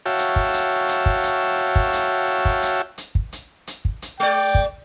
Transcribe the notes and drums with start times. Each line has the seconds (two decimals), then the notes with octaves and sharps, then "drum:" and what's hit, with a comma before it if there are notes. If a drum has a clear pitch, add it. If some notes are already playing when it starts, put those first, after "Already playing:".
0.06 F#4 C#5 E5 F5 G5 A5
0.19 drum: hi-hat
0.36 drum: kick
0.53 drum: hi-hat
0.88 drum: hi-hat
1.06 drum: kick
1.23 drum: hi-hat
1.76 drum: kick
1.93 drum: hi-hat
2.45 drum: kick
2.63 drum: hi-hat
2.98 drum: hi-hat
3.15 drum: kick
3.33 drum: hi-hat
3.67 drum: hi-hat
3.85 drum: kick
4.02 drum: hi-hat
4.20 G#3 D5 G5
4.55 drum: kick